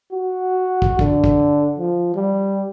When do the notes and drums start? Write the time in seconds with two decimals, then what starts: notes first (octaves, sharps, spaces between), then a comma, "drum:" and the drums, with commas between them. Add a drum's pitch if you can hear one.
0.12 F#4
0.82 drum: kick
0.99 D3, drum: kick
1.24 drum: kick
1.78 F3
2.15 G3